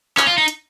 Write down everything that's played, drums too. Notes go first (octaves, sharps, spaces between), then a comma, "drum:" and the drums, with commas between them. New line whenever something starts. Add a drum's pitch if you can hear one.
C#4, drum: clap
F4
D#4
drum: hi-hat